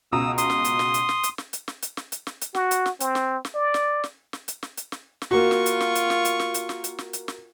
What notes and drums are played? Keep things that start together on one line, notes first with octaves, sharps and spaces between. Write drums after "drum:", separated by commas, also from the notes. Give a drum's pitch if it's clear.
C#2 B2 A#5 D#6 E6
C6 D#6, drum: hi-hat
drum: snare
drum: hi-hat
drum: snare
drum: hi-hat
drum: snare
drum: hi-hat
drum: snare
drum: hi-hat
drum: snare
drum: hi-hat
drum: snare
drum: hi-hat
drum: snare
drum: hi-hat
F#4, drum: snare
drum: hi-hat
drum: snare
C4, drum: hi-hat
drum: snare
drum: snare
D5
drum: snare
drum: snare
drum: snare
drum: hi-hat
drum: snare
drum: hi-hat
drum: snare
drum: snare
A#3 F4 F#4 C#6
drum: snare
drum: hi-hat
drum: snare
drum: hi-hat
drum: snare
drum: hi-hat
drum: snare
drum: hi-hat
drum: snare
drum: hi-hat
drum: snare
drum: hi-hat
drum: snare